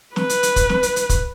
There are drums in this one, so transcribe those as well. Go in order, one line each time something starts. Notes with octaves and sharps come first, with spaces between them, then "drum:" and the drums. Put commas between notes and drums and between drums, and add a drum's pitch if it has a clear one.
B4, drum: snare
drum: hi-hat
drum: hi-hat
drum: kick, hi-hat
drum: snare
drum: hi-hat
drum: hi-hat
drum: kick, hi-hat